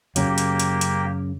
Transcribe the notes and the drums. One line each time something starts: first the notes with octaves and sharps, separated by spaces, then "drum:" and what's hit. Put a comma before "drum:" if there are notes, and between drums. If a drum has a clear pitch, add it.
F#2 C#3 F#3 A#3 G4, drum: hi-hat
drum: hi-hat
drum: hi-hat
drum: hi-hat